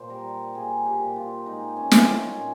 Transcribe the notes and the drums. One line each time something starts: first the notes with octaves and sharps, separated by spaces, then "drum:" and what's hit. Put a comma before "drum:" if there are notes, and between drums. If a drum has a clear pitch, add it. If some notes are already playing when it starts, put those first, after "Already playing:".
Already playing: A#2 C5
G3 A#4
A#3 G#4
G4
A#2
F4
G#3 D#4
C#4
G#3, drum: snare
C4
C#4
A#2 F4